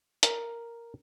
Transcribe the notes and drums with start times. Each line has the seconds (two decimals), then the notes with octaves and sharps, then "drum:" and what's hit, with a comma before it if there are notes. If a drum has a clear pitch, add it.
0.23 A#4, drum: hi-hat